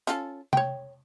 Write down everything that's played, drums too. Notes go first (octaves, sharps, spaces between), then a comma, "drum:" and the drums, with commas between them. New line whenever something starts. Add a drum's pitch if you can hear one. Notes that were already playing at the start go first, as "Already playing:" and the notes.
C#4 F4 A4, drum: hi-hat
C#5 G5, drum: tom C3